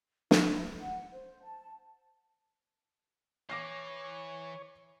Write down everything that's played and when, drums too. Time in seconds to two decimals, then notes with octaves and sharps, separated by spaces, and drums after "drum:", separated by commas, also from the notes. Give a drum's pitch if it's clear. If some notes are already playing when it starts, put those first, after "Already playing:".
0.31 E4, drum: snare
0.80 F#5
1.13 C5
1.43 A5
3.49 E3 C#5 D6 A#6 C7